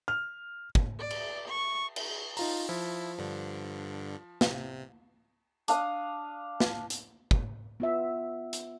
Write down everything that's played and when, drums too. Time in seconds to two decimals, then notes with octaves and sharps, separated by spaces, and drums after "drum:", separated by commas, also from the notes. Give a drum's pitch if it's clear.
0.08 F6
0.75 drum: kick
1.00 D5
1.10 drum: cymbal
1.48 C#6
1.96 drum: cymbal
2.37 D#4 F4 A#5, drum: open hi-hat
2.69 F3 E4
3.19 G2 D3
4.41 C3, drum: snare
5.68 D4 F5 D#6, drum: hi-hat
6.60 drum: snare
6.90 drum: hi-hat
7.31 drum: kick
7.80 B3 F4 E5
8.53 drum: hi-hat